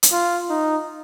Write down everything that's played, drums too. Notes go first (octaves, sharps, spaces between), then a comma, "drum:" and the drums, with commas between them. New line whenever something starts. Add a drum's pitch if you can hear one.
drum: hi-hat
F4
D#4